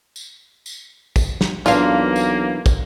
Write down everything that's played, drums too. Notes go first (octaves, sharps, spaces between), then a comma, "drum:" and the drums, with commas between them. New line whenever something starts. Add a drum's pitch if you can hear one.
drum: tambourine
drum: tambourine
drum: kick, tambourine
drum: snare
B1 E3 A#3 D4 F4 F5, drum: tambourine
drum: tambourine
drum: kick, tambourine